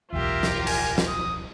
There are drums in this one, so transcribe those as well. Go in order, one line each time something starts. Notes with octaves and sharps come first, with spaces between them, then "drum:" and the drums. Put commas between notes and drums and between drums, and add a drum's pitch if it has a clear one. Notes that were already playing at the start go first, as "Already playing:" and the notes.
D1 B1 E2 F4 G4 A#4 E5
drum: snare
G#5, drum: cymbal
drum: snare
D#6